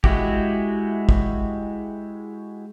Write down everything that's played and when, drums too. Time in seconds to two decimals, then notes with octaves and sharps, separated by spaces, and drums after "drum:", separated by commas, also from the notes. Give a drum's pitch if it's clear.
0.04 G#3 E4 F#4 G4, drum: kick
1.09 drum: kick